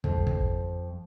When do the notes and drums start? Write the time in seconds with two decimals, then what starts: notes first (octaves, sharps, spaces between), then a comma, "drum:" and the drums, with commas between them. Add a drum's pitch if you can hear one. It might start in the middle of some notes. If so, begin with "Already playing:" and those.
0.04 F2, drum: kick
0.27 drum: kick